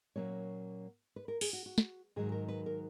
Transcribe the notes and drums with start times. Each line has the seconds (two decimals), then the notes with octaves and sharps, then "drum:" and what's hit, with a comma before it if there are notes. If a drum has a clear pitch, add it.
0.16 A#2 F#3 A#3 C#4 C#5
1.16 B4
1.28 A#4
1.41 G#4, drum: open hi-hat
1.53 F#4
1.66 F#4
1.78 drum: snare
2.16 G#2 D#3 F#3 G#4
2.32 A#4
2.48 B4
2.66 A#4